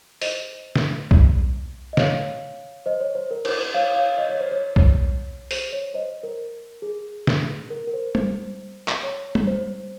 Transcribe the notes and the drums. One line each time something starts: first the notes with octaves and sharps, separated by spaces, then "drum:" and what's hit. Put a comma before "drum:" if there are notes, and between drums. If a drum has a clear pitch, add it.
C5 D#5, drum: open hi-hat
drum: snare
drum: kick B1
D#5
C#5 F5, drum: snare
C5 D#5
C#5
C5
A#4
C5, drum: cymbal
C#5 F5
C#5 F5
D#5
C#5
C5
C#5
drum: kick B1
C5, drum: open hi-hat
C#5
C5 D#5
A#4
G#4
drum: snare
A#4
A#4
C5
C5, drum: tom G3
drum: clap
C#5
drum: tom G3
C5